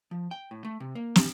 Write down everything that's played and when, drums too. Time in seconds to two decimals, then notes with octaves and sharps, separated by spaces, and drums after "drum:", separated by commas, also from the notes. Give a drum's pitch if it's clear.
0.11 F3
0.31 G5
0.51 A2
0.65 A3
0.80 C3
0.95 A#3
1.16 G4, drum: snare